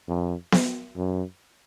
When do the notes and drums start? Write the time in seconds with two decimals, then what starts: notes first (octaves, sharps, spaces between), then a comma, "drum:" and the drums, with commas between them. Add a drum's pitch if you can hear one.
0.08 F2
0.52 drum: snare B3
0.97 F#2